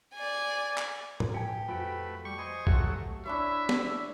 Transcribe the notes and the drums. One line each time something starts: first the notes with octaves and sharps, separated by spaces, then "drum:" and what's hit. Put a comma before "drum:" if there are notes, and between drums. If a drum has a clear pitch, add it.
D5 G#5
drum: clap
drum: tom A2
G4 G#5 C#7
F2 A3 F#4 B4 D7
G3 C#6
C5 D#5 G#5
F#3 A3 G4 E5, drum: kick C2
D4 E4 C#5 E5
drum: snare